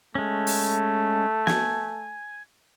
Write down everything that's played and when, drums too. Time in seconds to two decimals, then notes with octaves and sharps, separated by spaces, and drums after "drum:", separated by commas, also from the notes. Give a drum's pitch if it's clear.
0.15 G#3 A3 C#4
0.47 drum: open hi-hat
1.47 G#5, drum: snare